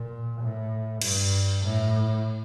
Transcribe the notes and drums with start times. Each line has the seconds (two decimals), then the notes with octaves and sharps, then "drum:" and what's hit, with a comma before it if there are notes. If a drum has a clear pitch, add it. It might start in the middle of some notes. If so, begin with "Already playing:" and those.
Already playing: A#2
0.40 A2
1.02 G2, drum: cymbal
1.64 A2